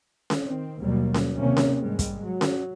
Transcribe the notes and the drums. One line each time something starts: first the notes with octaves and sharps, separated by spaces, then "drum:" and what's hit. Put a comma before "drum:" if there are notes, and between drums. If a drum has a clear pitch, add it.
drum: snare C#4
D#3 C4
D#2 B2 F#3 G3 A#3
drum: snare C#4
C3 D#3 A#3 C4 C#4
drum: snare C#4
G#2 G3 G#3
drum: kick, hi-hat
F#3
drum: snare C#4